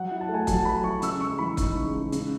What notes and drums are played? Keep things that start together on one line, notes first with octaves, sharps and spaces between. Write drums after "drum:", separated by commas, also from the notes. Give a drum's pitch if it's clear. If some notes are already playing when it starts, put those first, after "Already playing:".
Already playing: F#3 F#5
E4
A5
A3
G#5
F#3 A5, drum: kick, hi-hat
F#3 B5
E4 C#6
C#3 E6, drum: hi-hat
G#3 C#6
E3 B5
D#4, drum: kick, hi-hat
C#3
G#3
C#3, drum: hi-hat